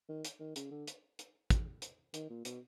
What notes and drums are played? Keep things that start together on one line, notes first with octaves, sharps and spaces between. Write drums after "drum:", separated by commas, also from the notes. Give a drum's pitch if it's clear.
D#3
drum: hi-hat
D#3
C#3, drum: hi-hat
D3
drum: hi-hat
drum: hi-hat
drum: kick, hi-hat
drum: hi-hat
D#3, drum: hi-hat
A#2
B2, drum: hi-hat